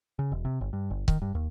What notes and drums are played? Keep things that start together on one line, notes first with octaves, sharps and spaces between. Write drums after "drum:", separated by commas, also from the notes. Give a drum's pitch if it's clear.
C#3
E1
C3
G1
G2
G1
D#3, drum: kick C#1
G2
D#2